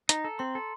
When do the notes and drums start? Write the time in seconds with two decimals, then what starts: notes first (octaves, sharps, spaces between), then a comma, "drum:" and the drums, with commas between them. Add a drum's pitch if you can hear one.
0.09 D#4 A#5, drum: hi-hat
0.25 A4
0.39 C4 C6
0.55 A4